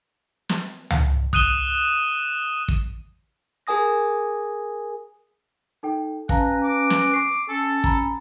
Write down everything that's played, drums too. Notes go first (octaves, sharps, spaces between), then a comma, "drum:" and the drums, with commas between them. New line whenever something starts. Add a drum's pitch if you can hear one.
drum: snare
drum: tom C#2
D#6 F#6 D#7 E7 G7, drum: kick
drum: kick
G#4 A#4 G#5 D#6 A#6
D#4 A4 G5
C#4 B4 F5 A5 A#5 A#6, drum: kick
D6
drum: snare
C#6 C7
C#4 A4
A#5 B5, drum: kick